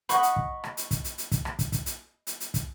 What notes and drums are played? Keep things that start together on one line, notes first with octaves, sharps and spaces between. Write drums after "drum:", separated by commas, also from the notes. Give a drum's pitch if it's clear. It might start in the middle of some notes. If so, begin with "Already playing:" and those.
D#5 F#5 B5 C#6, drum: hi-hat
drum: hi-hat
drum: kick
drum: rim click
drum: hi-hat
drum: kick, hi-hat
drum: hi-hat
drum: hi-hat
drum: kick, hi-hat
drum: rim click
drum: kick, hi-hat
drum: kick, hi-hat
drum: hi-hat
drum: hi-hat
drum: hi-hat
drum: kick, hi-hat